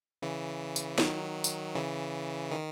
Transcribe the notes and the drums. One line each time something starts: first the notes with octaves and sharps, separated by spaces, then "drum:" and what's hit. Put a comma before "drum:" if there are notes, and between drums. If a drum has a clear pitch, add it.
C#3 E3
drum: tambourine
D#3 F#3, drum: snare
drum: tambourine
C#3 E3
D#3